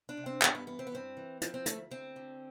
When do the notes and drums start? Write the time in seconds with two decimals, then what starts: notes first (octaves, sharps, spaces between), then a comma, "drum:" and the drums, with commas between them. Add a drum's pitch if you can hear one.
0.09 D4
0.17 C3
0.26 C4
0.42 G2 B3, drum: clap
0.55 B3
0.67 E3 B3
0.79 C4
0.87 B3
0.92 G2 C4
1.17 E3
1.41 F3 C4, drum: hi-hat
1.54 C4
1.66 D2 A3, drum: hi-hat
1.91 D2 C4
2.16 D3